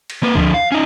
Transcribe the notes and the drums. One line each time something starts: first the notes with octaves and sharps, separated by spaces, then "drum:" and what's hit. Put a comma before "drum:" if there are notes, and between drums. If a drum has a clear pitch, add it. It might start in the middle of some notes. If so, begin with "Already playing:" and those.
drum: cymbal
A#3 B4
D3 F3, drum: kick C#2
F5
C#4 D#4